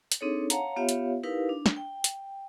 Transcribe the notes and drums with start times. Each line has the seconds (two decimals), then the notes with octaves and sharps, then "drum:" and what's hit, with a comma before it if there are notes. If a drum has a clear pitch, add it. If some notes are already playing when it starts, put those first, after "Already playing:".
0.12 drum: hi-hat
0.21 C4 D4 D#4 G#4 A4 C#5
0.50 C#5 F5 F#5 A5 A#5, drum: hi-hat
0.76 B3 F4 G4 C#5 E5 F5
0.89 drum: hi-hat
1.23 D#4 E4 G4 A#4 B4 F5
1.49 D4
1.66 drum: snare
1.77 G5
2.04 drum: hi-hat